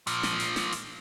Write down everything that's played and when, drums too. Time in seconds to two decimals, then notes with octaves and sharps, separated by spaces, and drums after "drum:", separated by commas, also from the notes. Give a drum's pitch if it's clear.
0.07 A#2 F3, drum: hi-hat
0.23 drum: snare
0.40 drum: hi-hat
0.56 drum: snare
0.72 drum: hi-hat